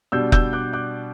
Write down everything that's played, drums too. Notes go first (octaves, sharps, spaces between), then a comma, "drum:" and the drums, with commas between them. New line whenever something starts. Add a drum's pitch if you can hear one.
B2 G3 D4 E6 G6
E6 G6, drum: kick F1
D6 F#6
D6 F#6